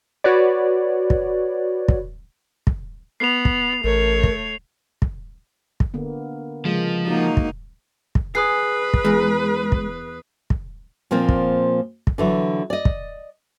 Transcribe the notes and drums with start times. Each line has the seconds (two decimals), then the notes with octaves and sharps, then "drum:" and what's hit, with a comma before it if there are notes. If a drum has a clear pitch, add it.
0.24 F#4 B4 C#5 D5
1.10 drum: kick
1.88 drum: kick
2.67 drum: kick
3.20 B3 C7 F7
3.45 drum: kick
3.84 A1 A3 A#4 C#5
4.23 drum: kick
5.02 drum: kick
5.80 drum: kick
5.94 D3 A#3 B3
6.65 C#3 F3 G#3 A#3
7.07 A#3 D#4 F#4
7.37 drum: kick
8.15 drum: kick
8.35 G#4 B4 D#6 F#6 C7
8.94 drum: kick
9.05 E2 G#3 A#4
9.72 drum: kick
10.50 drum: kick
11.11 A#2 F3 A#3 C4
11.29 drum: kick
12.07 drum: kick
12.18 D3 E3 F#3
12.70 D5 D#5
12.85 drum: kick